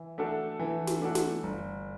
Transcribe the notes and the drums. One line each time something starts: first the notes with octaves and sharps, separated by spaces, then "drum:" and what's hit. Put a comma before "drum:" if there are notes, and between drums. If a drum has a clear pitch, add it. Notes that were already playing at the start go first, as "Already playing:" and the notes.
Already playing: E3
A3 D4 F#4 A4
E3
drum: snare
A3 D4 F#4 A4
drum: snare
G1